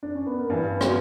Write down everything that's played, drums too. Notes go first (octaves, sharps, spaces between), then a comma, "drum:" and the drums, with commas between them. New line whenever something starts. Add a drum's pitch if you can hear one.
D4
C#4
B3
A#3
G2 E3 G3
F#3 B3, drum: rim click